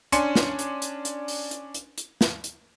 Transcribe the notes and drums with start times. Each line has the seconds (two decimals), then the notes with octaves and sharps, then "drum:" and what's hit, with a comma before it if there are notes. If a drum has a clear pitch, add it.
0.12 C#4 D4 G#5 C6 C#7, drum: hi-hat
0.35 drum: snare
0.59 drum: hi-hat
0.82 drum: hi-hat
1.05 drum: hi-hat
1.28 drum: open hi-hat
1.51 drum: hi-hat
1.74 drum: hi-hat
1.98 drum: hi-hat
2.21 drum: snare
2.44 drum: hi-hat